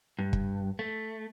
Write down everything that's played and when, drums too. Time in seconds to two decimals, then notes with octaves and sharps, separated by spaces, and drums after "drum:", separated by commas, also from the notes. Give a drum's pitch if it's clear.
0.19 G2
0.33 drum: kick
0.79 A3